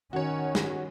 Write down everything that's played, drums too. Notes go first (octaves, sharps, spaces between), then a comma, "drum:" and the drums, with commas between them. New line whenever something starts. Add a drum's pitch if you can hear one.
D#3 C#4 F#4 C#5
drum: snare